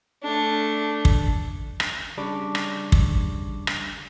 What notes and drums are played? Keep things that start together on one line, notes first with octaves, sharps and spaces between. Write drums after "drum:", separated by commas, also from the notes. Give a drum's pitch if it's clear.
A3 D4
drum: kick
drum: rim click
C#3 G3 D4 B5 C#6 D6
drum: rim click
drum: kick
drum: rim click